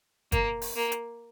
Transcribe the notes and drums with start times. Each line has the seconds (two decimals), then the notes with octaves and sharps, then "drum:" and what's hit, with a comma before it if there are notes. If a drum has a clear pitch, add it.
0.32 A#3, drum: kick, hi-hat
0.62 drum: open hi-hat
0.76 A#3
0.92 drum: hi-hat